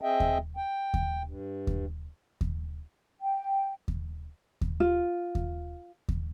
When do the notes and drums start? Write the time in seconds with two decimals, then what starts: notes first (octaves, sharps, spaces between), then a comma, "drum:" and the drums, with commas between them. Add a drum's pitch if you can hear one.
0.02 C4 G#4 D#5 E5 G5
0.20 drum: kick D#2
0.57 G5
0.94 drum: kick D#2
1.25 G2
1.67 drum: kick D#2
2.41 drum: kick D#2
3.20 G5
3.88 drum: kick D#2
4.61 drum: kick D#2
4.80 F4
5.35 drum: kick D#2
6.08 drum: kick D#2